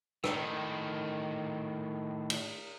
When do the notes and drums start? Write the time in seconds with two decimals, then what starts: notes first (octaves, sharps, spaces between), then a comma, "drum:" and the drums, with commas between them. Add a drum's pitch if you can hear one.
0.24 A2 D#3, drum: rim click
2.30 drum: cymbal